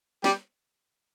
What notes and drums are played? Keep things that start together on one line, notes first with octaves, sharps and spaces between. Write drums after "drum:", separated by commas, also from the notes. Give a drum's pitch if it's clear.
G3 G4, drum: snare